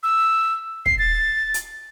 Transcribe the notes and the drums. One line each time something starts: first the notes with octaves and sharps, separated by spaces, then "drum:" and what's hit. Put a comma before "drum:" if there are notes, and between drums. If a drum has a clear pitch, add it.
E6
C7, drum: kick
A6
drum: hi-hat